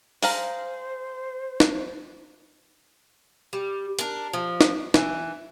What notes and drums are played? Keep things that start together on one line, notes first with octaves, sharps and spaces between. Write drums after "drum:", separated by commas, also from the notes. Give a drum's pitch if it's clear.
G#4 C5 F5 A#5, drum: open hi-hat
drum: snare
G3
D4 A#4, drum: hi-hat
F3
drum: snare
E3, drum: snare